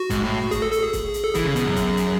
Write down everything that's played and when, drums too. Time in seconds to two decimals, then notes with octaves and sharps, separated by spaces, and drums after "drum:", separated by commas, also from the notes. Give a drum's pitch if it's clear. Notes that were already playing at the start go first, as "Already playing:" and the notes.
Already playing: F#4
0.10 G#2, drum: kick, hi-hat
0.23 A2
0.51 G#4, drum: kick, hi-hat
0.62 A4
0.72 A4, drum: hi-hat
0.83 G#4
0.93 drum: kick, hi-hat
1.14 drum: hi-hat
1.24 A4
1.34 E3 G#4, drum: kick, hi-hat
1.44 C#3
1.56 B2, drum: hi-hat
1.65 F#2
1.76 drum: kick, hi-hat
1.97 drum: hi-hat